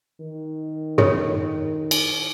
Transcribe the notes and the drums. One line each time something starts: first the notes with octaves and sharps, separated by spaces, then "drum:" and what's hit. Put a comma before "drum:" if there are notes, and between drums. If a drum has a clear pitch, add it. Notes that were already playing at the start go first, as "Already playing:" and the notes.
D#3
A4 C#5, drum: tom
drum: cymbal